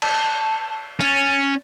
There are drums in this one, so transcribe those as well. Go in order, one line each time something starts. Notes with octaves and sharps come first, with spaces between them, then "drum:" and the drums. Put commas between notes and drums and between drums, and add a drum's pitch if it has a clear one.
A5, drum: cymbal
C#4 A6, drum: tambourine